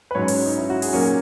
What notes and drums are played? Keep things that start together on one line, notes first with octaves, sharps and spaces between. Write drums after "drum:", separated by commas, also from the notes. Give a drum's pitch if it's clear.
B4
G#2 F#3 C#4 C#5
drum: open hi-hat
D#4
E4
F#4
G#4, drum: open hi-hat
A#2 F#3 A#3 C#4 A#4